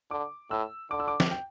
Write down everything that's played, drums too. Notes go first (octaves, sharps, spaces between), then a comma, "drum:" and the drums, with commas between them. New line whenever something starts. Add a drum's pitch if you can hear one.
D3 D6
A2 E6
D3 D6
E6
D6
drum: snare
G5